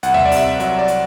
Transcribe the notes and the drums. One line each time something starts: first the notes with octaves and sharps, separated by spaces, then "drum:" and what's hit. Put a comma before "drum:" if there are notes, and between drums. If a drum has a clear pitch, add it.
C2 F#5, drum: hi-hat
E5, drum: tom D#2
D5
C3, drum: open hi-hat
E5
F#3 E5, drum: hi-hat
D5
drum: hi-hat